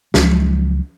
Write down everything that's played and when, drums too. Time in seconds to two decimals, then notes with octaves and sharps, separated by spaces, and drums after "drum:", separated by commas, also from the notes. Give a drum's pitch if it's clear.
0.14 C#2 F3 F#3 G#3, drum: snare